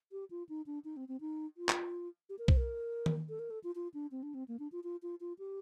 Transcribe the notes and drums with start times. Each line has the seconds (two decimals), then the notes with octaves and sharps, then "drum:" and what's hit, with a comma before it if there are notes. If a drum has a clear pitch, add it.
0.12 G4
0.31 F4
0.49 D#4
0.66 D4
0.85 D#4
0.97 C4
1.08 C4
1.21 D#4
1.57 F4
1.69 drum: clap
2.29 G4
2.39 A#4
2.48 C5, drum: kick B1
2.57 A#4
3.06 drum: tom D#3
3.29 A4
3.39 A#4
3.50 A4
3.64 F4
3.75 F4
3.94 D4
4.11 C4
4.23 D4
4.34 C4
4.48 A#3
4.59 D4
4.72 F4
4.84 F4
5.03 F4
5.20 F4
5.39 G4